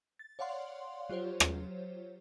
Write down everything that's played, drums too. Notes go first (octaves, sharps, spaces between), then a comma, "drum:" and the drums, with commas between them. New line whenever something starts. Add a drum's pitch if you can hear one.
A6
C#5 D5 F5 F#5 C6
F#3 F4 G4 C5 C#5
drum: rim click